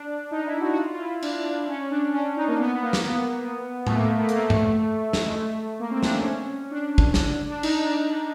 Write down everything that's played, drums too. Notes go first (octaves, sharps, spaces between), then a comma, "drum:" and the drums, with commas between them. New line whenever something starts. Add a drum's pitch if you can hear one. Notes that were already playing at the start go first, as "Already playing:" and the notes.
Already playing: D4
D#4
E4
F#4
F#4
F4
F4
E4
D4, drum: cymbal
D4
C#4
D4
C#4
D#4
A#3
B3
B3
A#3
drum: snare
B3
A3, drum: tom A2
A#3
A3
A#3, drum: hi-hat
A3
drum: tom G2
drum: snare
G#3
A3
A#3
C4
D4, drum: snare
C#4
D4
drum: kick
drum: snare
D4
D#4, drum: cymbal
D4